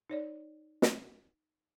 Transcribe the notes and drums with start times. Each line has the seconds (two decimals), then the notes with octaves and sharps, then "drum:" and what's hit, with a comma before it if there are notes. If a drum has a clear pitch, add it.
0.10 D#4 C#5 D5
0.82 drum: snare